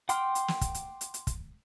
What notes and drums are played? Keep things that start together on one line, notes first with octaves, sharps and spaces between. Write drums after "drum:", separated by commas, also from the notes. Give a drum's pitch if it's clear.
F#5 G5 C6 D6 F6, drum: hi-hat
drum: hi-hat
drum: snare
drum: kick, hi-hat
drum: hi-hat
drum: hi-hat
drum: hi-hat
drum: kick, hi-hat